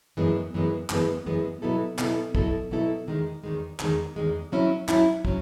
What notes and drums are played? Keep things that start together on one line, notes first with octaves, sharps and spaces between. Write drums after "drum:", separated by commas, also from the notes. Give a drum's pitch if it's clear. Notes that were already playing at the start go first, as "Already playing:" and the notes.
F#2 E3 G#3 B3
F#2 E3 G#3 B3
F#2 E3 G#3 B3, drum: clap
F#2 E3 G#3 B3
B2 F#3 B3 E4 A4
B2 F#3 B3 E4 A4, drum: clap
B2 F#3 B3 E4 A4, drum: kick
B2 F#3 B3 E4 A4
E2 D#3 G#3
E2 D#3 G#3
E2 D#3 G#3, drum: clap
E2 D#3 G#3
F#3 C#4 E4
F#3 C#4 E4, drum: clap
F#3 C#4, drum: kick